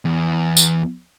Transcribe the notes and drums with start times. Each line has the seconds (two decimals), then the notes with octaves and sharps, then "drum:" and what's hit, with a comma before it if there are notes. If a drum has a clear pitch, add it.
0.05 E2
0.57 drum: tambourine